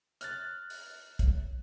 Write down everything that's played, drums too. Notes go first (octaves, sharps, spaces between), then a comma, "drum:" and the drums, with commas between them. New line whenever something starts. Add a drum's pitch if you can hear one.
F6 F#6 A6, drum: hi-hat
drum: open hi-hat
drum: kick, hi-hat